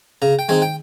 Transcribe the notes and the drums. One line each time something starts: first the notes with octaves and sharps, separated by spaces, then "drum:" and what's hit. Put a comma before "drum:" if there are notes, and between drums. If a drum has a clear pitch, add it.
C#3 A#5
G5
G#3 C4 D#4 G#5, drum: tom D#3
G5